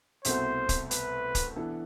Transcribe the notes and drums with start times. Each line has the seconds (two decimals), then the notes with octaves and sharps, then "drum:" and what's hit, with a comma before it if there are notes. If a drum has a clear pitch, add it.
0.25 C2 B2 A3 C4 F#4 C5, drum: hi-hat
0.69 drum: kick, hi-hat
0.91 B4, drum: hi-hat
1.35 drum: kick, hi-hat
1.56 E3 B3 D4 A4